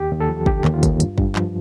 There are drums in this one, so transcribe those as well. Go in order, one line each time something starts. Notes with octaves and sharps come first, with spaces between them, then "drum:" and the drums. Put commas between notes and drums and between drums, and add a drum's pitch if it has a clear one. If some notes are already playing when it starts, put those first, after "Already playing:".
Already playing: D#2 G4
D#2
A4
F3
D3 G4, drum: kick
D#2, drum: clap
F4
D#2, drum: kick, hi-hat
G2, drum: hi-hat
G2, drum: kick
F3, drum: clap